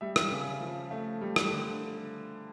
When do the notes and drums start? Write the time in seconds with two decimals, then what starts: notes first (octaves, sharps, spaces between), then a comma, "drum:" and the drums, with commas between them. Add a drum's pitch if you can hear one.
0.01 G3 E5
0.16 drum: rim click
0.32 C#3
0.60 F3
0.91 A3
1.21 G3
1.36 drum: rim click
1.51 D3